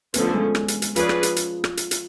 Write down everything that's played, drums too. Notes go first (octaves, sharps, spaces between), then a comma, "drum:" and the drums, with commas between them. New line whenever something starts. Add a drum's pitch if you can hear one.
D3 F3 A3 B3 C#4, drum: hi-hat
G#3
drum: rim click
drum: hi-hat
drum: hi-hat
F3 C#4 G#4 B4 D5, drum: hi-hat
drum: rim click
drum: hi-hat
drum: hi-hat
drum: rim click
drum: hi-hat
drum: hi-hat